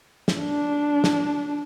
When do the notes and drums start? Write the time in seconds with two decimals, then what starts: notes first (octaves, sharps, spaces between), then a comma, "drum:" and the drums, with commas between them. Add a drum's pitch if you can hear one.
0.28 drum: snare
0.38 D4
1.04 drum: snare